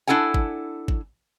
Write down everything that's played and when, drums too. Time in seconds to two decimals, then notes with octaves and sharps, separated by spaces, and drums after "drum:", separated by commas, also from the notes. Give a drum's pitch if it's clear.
0.07 D4 E4 A4 F#5 G#5
0.34 drum: kick
0.88 drum: kick